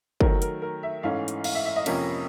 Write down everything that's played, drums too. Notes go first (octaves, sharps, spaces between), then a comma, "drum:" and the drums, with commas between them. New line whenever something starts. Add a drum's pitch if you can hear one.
D#3 F#3 A3 A#4, drum: kick
A#4, drum: hi-hat
A#4
E5
G#2 E3 A3 C#4 F5
drum: hi-hat
F5, drum: cymbal
E5
E5
D#5
F2 C3 F3 A#3 C#4, drum: cymbal